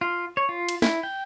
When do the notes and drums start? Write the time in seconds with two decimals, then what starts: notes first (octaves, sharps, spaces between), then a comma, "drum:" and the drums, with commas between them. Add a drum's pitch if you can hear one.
0.01 F4
0.37 C#5
0.49 F4
0.69 drum: cymbal
0.82 E4, drum: snare
1.03 G5